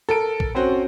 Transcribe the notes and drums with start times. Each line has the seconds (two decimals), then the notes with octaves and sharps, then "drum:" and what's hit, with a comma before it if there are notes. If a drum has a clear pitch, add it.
0.09 A4 A#4 D7
0.40 drum: kick
0.55 C4 C#4 F#4 C5